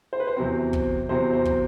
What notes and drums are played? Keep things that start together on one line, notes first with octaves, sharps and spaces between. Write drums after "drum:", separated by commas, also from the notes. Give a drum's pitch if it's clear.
C5
B4
C5
E2 C3 F#3 C4
drum: kick
E2 C3 F#3 C4 C5
C5
drum: kick